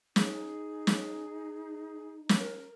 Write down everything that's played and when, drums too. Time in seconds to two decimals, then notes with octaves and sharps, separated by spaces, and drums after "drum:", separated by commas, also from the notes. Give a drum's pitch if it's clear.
0.16 D#4 G#4, drum: snare
0.87 drum: snare
2.29 drum: snare
2.40 A#4